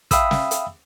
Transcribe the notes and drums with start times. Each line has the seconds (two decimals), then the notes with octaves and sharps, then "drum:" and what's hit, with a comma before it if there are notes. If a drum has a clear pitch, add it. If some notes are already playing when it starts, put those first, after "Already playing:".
0.11 E5 F5 G5 B5 D#6 E6, drum: kick, hi-hat
0.31 drum: snare
0.51 drum: hi-hat